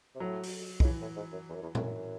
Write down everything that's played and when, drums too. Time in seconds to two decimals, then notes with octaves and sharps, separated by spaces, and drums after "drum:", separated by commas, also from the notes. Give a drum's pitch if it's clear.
0.15 C3
0.20 A2 F#3
0.43 drum: open hi-hat
0.80 D#3, drum: kick
0.84 C#3 E3
1.01 A2
1.16 G#2
1.32 F#2
1.49 E2
1.55 F#2
1.62 E2
1.75 E2, drum: tom A#2
1.80 F#2